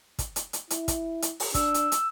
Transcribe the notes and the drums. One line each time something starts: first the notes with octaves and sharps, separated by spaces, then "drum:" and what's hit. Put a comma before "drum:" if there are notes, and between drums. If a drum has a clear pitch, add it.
drum: kick, hi-hat
drum: hi-hat
drum: hi-hat
E4, drum: hi-hat
drum: kick, hi-hat
drum: hi-hat
drum: open hi-hat
D4 E6, drum: kick, hi-hat
drum: hi-hat
drum: hi-hat